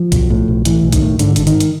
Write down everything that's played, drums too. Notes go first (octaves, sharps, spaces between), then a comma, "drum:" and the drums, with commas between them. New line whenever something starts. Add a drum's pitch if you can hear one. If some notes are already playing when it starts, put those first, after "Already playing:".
Already playing: F3
B1, drum: kick C2, hi-hat
A2
B1
A2 E3, drum: hi-hat
B1
D#3, drum: kick C2, hi-hat
A2
G#2 D3, drum: hi-hat
G#1 D3, drum: hi-hat
D#3, drum: hi-hat
drum: hi-hat